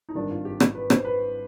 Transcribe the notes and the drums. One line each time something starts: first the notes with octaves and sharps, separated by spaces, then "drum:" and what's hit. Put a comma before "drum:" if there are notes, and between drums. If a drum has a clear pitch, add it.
D#4
G#1 G2 D#3 D4
F4
G4
drum: rim click
B4
C5, drum: rim click
B4